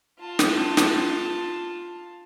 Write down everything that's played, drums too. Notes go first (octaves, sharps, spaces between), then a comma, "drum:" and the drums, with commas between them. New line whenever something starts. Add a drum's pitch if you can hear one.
F4 A5
drum: snare
drum: snare